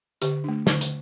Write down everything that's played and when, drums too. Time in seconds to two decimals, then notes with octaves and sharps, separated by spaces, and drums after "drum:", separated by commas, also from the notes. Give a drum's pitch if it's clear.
0.22 D3 G4, drum: hi-hat
0.44 A3 D4
0.67 D3, drum: snare
0.81 drum: hi-hat